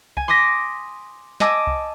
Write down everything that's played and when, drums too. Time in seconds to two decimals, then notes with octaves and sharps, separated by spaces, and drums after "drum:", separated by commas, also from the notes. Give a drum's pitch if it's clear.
0.17 G#5, drum: kick C2
0.28 C6 D6 D#6 A#6 B6
1.40 D#5 G#5 A5 D6 E6, drum: snare
1.67 drum: kick C2